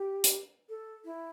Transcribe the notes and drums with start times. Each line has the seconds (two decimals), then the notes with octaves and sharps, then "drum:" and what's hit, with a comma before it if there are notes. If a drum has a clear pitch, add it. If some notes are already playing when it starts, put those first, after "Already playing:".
Already playing: G4
0.24 drum: hi-hat
0.69 A4
1.05 E4